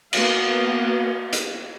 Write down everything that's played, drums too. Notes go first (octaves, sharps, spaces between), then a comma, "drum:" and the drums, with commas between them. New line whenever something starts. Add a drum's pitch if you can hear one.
A#3 B3 F#4 F5, drum: cymbal
drum: hi-hat